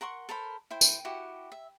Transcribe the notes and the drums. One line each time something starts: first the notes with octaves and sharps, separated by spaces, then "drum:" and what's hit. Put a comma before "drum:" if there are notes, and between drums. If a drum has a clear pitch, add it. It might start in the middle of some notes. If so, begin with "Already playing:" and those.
A#4 F#5 C6 C#6
A4 A#4 C5 B5
E4 C5 G5
drum: tambourine
E4 F#4 G4 F#5
E5